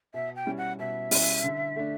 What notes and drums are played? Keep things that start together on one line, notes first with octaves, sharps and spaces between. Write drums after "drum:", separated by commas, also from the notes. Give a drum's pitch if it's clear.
B2 E5
G5
G3 C#4 E4
F#5
B2 E5
G3 C#4 E4, drum: open hi-hat
D3
A3 D4